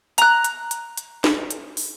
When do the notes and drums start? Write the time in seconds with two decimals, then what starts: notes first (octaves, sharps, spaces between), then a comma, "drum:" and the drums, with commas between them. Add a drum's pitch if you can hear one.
0.18 A#5 F#6, drum: hi-hat
0.44 drum: hi-hat
0.71 drum: hi-hat
0.97 drum: hi-hat
1.24 drum: snare
1.51 drum: hi-hat
1.77 drum: open hi-hat